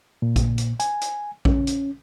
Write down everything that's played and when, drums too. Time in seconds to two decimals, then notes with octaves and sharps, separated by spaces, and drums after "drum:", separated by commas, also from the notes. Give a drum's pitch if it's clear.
0.22 A#2
0.36 drum: kick A#1, hi-hat
0.58 drum: hi-hat
0.80 G#5, drum: hi-hat
1.01 drum: hi-hat
1.45 C#4, drum: kick A#1
1.67 drum: hi-hat